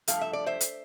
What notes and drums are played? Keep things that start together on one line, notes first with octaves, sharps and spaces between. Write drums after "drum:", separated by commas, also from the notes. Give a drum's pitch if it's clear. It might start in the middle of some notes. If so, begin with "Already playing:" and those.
G2 F3 A3 F5, drum: hi-hat
E5
D5
C5 E5
drum: hi-hat